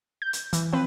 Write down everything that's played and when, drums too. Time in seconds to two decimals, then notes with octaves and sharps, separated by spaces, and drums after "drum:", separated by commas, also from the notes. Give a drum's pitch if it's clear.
0.22 G6
0.33 drum: hi-hat
0.53 E3, drum: hi-hat
0.73 F3 C4 B4